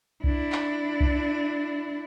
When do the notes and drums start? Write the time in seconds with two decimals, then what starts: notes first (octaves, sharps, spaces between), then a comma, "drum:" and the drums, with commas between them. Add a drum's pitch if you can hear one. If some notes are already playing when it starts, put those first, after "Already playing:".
0.24 D4 E4, drum: kick C2
0.52 drum: clap
1.00 drum: kick C2